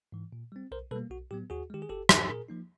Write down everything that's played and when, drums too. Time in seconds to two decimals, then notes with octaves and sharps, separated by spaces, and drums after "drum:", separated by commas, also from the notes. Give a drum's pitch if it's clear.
0.12 G#2 E3
0.33 A#2
0.52 G3 C4
0.71 B1 A#4 C5
0.91 B2 G3 A#3 A4 B4
1.11 B1 F#4
1.31 A2 F#3 B3 G4
1.50 D#2 F#4 G#4
1.70 D#3 G#3 G4
1.82 G#4
1.89 G1 G4 A4
2.09 F2 D3 F3, drum: rim click
2.29 A#2 G#4 A#4
2.48 F3 A#3 D#4